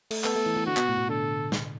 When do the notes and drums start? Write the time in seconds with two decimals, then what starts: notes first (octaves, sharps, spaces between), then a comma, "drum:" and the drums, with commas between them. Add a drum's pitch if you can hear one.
0.11 A3, drum: cymbal
0.24 B3 A4, drum: clap
0.35 A3
0.46 E3
0.57 E3
0.66 D3 F#4
0.77 B2, drum: clap
0.89 A2
0.98 B2
1.09 D3 A4
1.52 drum: snare